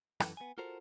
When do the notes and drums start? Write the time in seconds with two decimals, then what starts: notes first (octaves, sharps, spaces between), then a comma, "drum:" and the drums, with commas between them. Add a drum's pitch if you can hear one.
0.20 F#2 E3 A4 B4, drum: rim click
0.37 B3 G#5
0.58 F4 F#4 A4 A#4 C5